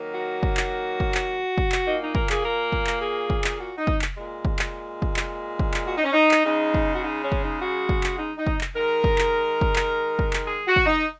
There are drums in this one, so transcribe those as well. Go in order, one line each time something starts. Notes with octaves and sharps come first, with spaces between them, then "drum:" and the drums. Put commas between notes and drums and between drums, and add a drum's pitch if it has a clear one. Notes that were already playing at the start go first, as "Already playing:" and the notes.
Already playing: D#3 F#3 A#3
F#4
drum: kick
drum: clap
drum: kick
drum: clap
drum: kick
drum: clap
A#2 A#3 D#4
D#4
A#4, drum: kick
G#4, drum: clap
A#4
drum: kick
drum: clap
G#4
drum: kick
drum: clap
F#4
D#4
drum: kick
drum: clap
A#2 G#3
drum: kick
drum: clap
drum: kick
drum: clap
drum: kick
drum: clap
F#4
D#4
C#4
D#4
drum: clap
C#3 G#3 D#4
drum: kick
F#4
D#4
C#4
drum: kick
D#4
F#4
drum: kick
drum: clap
D#4
D#4
drum: kick
drum: clap
D#3 G#3 A#4
drum: kick
drum: clap
drum: kick
drum: clap
drum: kick
drum: clap
G#4
F#4
drum: kick
D#4